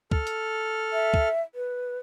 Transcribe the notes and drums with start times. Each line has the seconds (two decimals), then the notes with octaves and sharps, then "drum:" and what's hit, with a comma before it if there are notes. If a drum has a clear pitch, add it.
0.11 A4 F6, drum: kick
0.27 drum: hi-hat
0.93 E5
1.14 drum: kick
1.55 B4